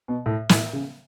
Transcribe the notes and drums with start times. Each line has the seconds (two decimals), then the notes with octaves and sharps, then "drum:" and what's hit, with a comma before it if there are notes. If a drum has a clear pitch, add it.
0.08 B2
0.26 A2
0.49 A2, drum: snare
0.73 C#3